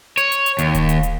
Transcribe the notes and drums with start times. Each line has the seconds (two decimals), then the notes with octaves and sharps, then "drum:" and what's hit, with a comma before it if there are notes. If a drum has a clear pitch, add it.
0.17 C#5, drum: hi-hat
0.32 drum: hi-hat
0.46 drum: hi-hat
0.59 D#2, drum: hi-hat
0.75 drum: kick D#1, hi-hat
0.89 drum: hi-hat
1.03 drum: hi-hat